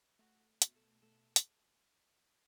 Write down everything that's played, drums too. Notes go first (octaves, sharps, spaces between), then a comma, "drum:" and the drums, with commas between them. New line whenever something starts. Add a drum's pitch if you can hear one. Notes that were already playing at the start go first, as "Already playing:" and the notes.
A3 F#4
B2, drum: hi-hat
A4
A3 A4
drum: hi-hat